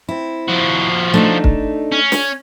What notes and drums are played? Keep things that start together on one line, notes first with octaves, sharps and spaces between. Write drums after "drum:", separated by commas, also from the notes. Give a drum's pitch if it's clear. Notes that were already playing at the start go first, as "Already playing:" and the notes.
C4 E4
F3 F#4
A3 D4 D#4
drum: kick
C#4
drum: snare